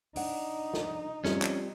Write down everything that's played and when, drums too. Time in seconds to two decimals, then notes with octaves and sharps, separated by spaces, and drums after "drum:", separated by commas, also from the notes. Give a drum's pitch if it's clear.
0.16 D4 D#4 F#5, drum: open hi-hat
0.74 drum: snare
1.24 G3 C4 C#4 F4, drum: snare
1.42 drum: clap